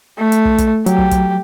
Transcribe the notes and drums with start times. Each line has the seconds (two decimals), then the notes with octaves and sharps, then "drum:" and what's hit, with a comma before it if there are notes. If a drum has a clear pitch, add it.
0.19 A3
0.32 drum: hi-hat
0.45 drum: kick
0.58 drum: kick, hi-hat
0.86 F#3 G4, drum: hi-hat
0.98 drum: kick
1.11 drum: kick, hi-hat